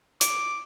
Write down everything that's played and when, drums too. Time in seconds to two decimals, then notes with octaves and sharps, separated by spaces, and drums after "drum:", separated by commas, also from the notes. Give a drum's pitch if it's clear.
0.21 D6, drum: hi-hat